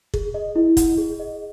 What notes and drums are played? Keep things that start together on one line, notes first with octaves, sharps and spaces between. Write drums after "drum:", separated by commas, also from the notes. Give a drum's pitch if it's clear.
G#4, drum: kick
D#5
E4
F#5, drum: kick, hi-hat
G#4
D#5